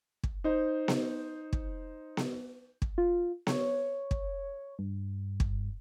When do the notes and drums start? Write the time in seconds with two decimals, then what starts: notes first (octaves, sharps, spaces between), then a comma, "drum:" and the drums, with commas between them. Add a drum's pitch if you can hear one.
0.23 drum: kick
0.44 D#4 C5
0.88 drum: snare B3
1.53 drum: kick
2.17 drum: snare B3
2.82 drum: kick
2.98 F4
3.47 C#5, drum: snare B3
4.11 drum: kick
4.79 G2
5.40 drum: kick